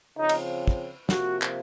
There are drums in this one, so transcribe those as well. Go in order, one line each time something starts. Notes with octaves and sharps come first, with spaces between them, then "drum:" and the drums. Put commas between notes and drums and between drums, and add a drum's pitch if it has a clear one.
C#3 F3 C4 D#4
drum: cymbal
drum: kick
C3 F3 A#3 F#4, drum: snare
drum: clap